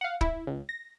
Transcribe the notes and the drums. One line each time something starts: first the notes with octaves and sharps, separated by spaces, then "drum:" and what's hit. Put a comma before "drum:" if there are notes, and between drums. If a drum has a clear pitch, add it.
F5 F#5
E4, drum: kick
C#2
A#6